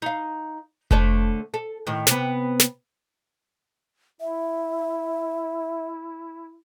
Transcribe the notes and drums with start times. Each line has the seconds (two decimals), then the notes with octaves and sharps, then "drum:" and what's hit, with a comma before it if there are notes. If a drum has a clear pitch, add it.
0.02 D#4 F5
0.91 D3 A3 C#5, drum: kick F1
1.54 A4
1.87 A2 D#3
2.07 C3 B3, drum: snare
2.60 drum: snare
4.20 E4 E5